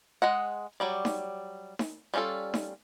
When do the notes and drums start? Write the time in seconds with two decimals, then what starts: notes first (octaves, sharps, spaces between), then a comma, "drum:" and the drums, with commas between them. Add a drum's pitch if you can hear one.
0.22 G#3 D#5 F#5
0.80 F#3 G3 D5
1.05 drum: snare D#4
1.79 drum: snare D#4
2.14 G3 C#4 D4 F4 A4
2.54 drum: snare D#4